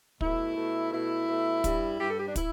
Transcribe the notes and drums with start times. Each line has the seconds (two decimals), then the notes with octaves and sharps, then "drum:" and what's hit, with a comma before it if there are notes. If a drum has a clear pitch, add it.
0.21 B2 A3 E4, drum: kick
0.56 B2 A3
0.92 B2 A3 E4
1.28 B2 A3
1.64 G2 G3, drum: kick, hi-hat
1.99 G2 G3 G4
2.08 A4
2.17 G4
2.27 D4
2.36 E4, drum: kick, hi-hat